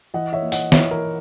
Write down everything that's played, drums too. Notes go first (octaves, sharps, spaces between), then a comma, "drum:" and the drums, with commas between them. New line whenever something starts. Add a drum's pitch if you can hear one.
E3 D#5 F#5
C#5 E5
A#3
D#5 F#5, drum: open hi-hat
E3 C#5 E5, drum: snare
A#4